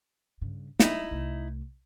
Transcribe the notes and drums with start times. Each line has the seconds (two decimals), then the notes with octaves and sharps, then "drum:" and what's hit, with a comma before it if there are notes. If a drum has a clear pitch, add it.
0.41 G2 C#3
0.80 G3 D#4 E4, drum: snare
1.11 C2 A3